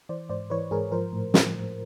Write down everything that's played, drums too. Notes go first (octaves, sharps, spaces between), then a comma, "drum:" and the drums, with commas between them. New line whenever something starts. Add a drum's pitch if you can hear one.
E3 C5 D5
G#2 C5 D5
E3 B4 C#5
G#2 G#4 A#4
F3 A#4 C5
A2
F3, drum: snare
A2